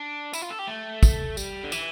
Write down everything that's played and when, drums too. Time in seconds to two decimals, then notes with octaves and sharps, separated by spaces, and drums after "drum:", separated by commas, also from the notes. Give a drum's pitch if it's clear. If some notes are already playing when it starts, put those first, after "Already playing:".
Already playing: D4
0.33 E4, drum: tambourine
0.42 F4
0.51 A4
0.59 G4
0.68 A3
1.03 drum: kick, tambourine
1.37 G3, drum: tambourine
1.64 D3
1.72 E3, drum: tambourine